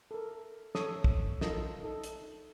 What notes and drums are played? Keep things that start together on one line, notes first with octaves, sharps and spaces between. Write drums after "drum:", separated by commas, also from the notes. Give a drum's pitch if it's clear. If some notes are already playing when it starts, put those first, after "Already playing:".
A4 A#4
A4 C#5 A#5 D#6 E6, drum: snare
drum: kick
D#4 F4 A4 A#4 D#5, drum: snare
D#4 A4
drum: hi-hat